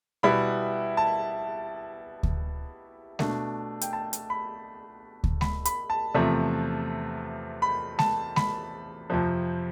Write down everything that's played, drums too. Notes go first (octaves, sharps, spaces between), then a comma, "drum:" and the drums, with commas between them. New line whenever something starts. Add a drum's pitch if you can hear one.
B2 G3 B3 E4 B5
A5
drum: kick D2
B2 A3 D4, drum: snare G#3
G5, drum: hi-hat
A5
drum: hi-hat
B5
drum: kick D2
B5, drum: snare G#3
B5, drum: hi-hat
A5
E2 C3 F3 A3
B5
A5, drum: snare G#3
B5, drum: snare G#3
F2 C3 F3